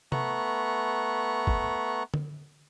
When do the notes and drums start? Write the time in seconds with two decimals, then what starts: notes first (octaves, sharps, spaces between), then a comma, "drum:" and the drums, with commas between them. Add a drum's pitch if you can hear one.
0.12 A3 B3 A#5 C#6 F#6, drum: tom C3
1.47 drum: kick
2.14 drum: tom D3